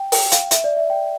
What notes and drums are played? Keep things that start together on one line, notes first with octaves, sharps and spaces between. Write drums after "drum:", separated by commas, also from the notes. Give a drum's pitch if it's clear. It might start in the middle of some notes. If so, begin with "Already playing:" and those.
Already playing: G5
G5, drum: open hi-hat
F5, drum: hi-hat
E5, drum: hi-hat
D5
E5
G5